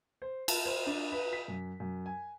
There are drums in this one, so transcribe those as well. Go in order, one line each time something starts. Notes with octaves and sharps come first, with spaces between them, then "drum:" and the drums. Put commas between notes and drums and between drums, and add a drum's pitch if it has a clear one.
C5
A5, drum: cymbal
C5
D4
B4
B6
F#2
F#2
G#5